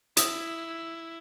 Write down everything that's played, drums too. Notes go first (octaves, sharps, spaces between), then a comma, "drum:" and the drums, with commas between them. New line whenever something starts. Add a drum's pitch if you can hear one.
E4 D#6, drum: hi-hat